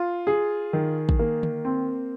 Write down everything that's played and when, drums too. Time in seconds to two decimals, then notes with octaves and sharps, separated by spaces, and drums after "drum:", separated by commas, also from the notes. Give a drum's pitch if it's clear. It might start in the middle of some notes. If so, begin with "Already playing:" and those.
Already playing: F4
0.27 G#4
0.73 D#3
1.09 drum: kick
1.19 A#3
1.43 drum: tom D3
1.65 C4